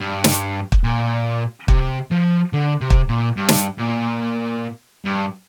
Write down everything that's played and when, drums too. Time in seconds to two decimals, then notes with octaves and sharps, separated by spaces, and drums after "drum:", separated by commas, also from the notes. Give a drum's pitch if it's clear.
0.01 G2
0.24 drum: snare
0.72 drum: kick
0.84 A#2
1.68 C3, drum: kick
2.11 F3
2.53 D3
2.81 C3
2.90 drum: kick
3.09 A#2
3.36 G2
3.48 drum: snare
3.78 A#2
5.05 G2